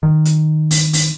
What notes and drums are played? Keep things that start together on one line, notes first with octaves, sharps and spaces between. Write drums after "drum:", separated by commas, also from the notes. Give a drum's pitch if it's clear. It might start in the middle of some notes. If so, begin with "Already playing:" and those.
D#3
drum: hi-hat
drum: open hi-hat
drum: open hi-hat